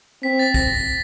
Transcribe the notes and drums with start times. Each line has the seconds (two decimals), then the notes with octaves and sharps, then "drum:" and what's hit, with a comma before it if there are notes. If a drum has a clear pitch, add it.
0.23 C4 B6
0.39 A6
0.54 A#6, drum: kick